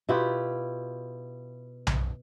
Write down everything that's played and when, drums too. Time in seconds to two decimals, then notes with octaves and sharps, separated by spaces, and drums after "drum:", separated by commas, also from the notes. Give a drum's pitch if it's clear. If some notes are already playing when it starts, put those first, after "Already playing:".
0.09 B2 E4 F4 G4
1.87 drum: tom B1